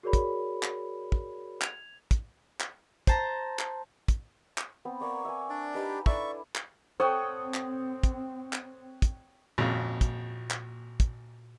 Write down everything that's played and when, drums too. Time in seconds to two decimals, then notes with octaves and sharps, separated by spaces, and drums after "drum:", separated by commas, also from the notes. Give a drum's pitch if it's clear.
0.03 F#4 G#4 A#4 C#5 D5 B5
0.13 drum: kick, hi-hat
0.63 drum: clap
1.12 drum: kick
1.62 G#6 F7, drum: clap
2.11 drum: kick, hi-hat
2.60 drum: clap
3.07 C5 A5 A#5, drum: kick, hi-hat
3.59 drum: clap
4.08 drum: kick, hi-hat
4.58 drum: clap
4.85 B3 C4
5.00 A#4 D5 F5 C#6
5.25 E5 F#5 G#5
5.50 D4 D5
5.74 D#4 G4 B4
6.06 D4 E4 A4 D5 E5 C#6, drum: kick
6.55 drum: clap
7.00 C4 A4 C5 C#5 F#5 G5 C#6 D#6
7.54 drum: clap
8.04 drum: kick, hi-hat
8.53 drum: clap
9.02 drum: kick, hi-hat
9.58 G#1 F2 A#2 C#3 F#4
10.01 drum: kick, hi-hat
10.50 drum: clap
11.00 drum: kick, hi-hat